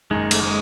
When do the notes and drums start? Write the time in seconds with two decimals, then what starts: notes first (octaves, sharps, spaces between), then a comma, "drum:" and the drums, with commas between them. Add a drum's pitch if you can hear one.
0.10 F#1 F#2 D#3 G#3
0.31 A3, drum: cymbal
0.43 G#3